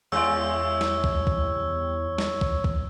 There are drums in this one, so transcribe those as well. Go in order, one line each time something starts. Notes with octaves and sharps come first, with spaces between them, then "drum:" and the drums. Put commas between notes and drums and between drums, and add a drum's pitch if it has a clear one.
E2 G3 E4 C#5 D5 E6
drum: snare
drum: kick
drum: kick
drum: snare
drum: kick
drum: kick